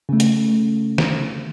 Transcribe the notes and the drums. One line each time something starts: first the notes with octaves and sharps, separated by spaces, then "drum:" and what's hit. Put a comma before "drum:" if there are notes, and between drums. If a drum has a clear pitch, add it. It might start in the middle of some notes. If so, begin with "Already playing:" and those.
C#3 A3
drum: hi-hat
drum: snare